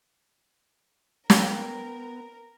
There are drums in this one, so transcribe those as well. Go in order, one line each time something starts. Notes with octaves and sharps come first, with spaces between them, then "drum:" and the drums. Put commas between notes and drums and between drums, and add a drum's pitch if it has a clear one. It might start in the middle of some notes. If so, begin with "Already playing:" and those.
B3 A#4 G5, drum: snare